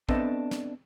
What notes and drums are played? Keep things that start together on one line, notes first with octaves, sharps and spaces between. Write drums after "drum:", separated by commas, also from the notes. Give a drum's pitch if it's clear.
B3 C4 D4 A4 D#5 E5, drum: kick
drum: snare